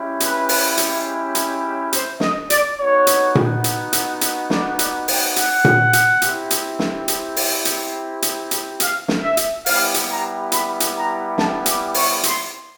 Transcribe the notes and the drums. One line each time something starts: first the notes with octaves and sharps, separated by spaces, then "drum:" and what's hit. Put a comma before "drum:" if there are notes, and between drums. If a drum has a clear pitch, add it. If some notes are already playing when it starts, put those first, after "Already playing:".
Already playing: G#3 C#4 E4 G4
B4, drum: hi-hat
drum: open hi-hat
drum: hi-hat
drum: hi-hat
C5, drum: hi-hat
D#5, drum: snare
D5, drum: hi-hat
B3 D#4 F#4 C#5
drum: hi-hat
drum: tom A#2
drum: hi-hat
drum: hi-hat
drum: hi-hat
D5, drum: snare
D5, drum: hi-hat
G5, drum: open hi-hat
F#5, drum: hi-hat
drum: tom A#2
drum: hi-hat
C4 E4 G4, drum: hi-hat
drum: hi-hat
drum: snare
drum: hi-hat
drum: open hi-hat
drum: hi-hat
drum: hi-hat
drum: hi-hat
F5, drum: hi-hat
drum: snare
E5
drum: hi-hat
G3 B3 E4 G4 F5, drum: open hi-hat
drum: hi-hat
A#5
B5, drum: hi-hat
drum: hi-hat
A#5
A5, drum: snare
D6, drum: hi-hat
C#6, drum: open hi-hat
C6, drum: hi-hat